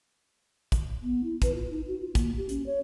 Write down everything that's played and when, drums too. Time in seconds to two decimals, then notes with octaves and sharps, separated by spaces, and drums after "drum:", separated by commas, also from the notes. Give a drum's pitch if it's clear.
0.72 drum: kick, hi-hat
1.02 B3
1.23 E4
1.42 B4, drum: kick, hi-hat
1.54 F4
1.70 D#4
1.87 F#4
1.99 F4
2.15 A#3, drum: kick, hi-hat
2.36 G4
2.49 C#4, drum: hi-hat
2.66 C#5